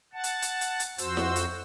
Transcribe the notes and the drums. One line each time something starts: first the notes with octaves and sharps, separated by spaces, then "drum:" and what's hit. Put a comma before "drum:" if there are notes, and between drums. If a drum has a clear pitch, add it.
F#5 A5
drum: hi-hat
drum: hi-hat
drum: hi-hat
drum: hi-hat
F2 F#4 C5 E6, drum: hi-hat
drum: snare E4
drum: hi-hat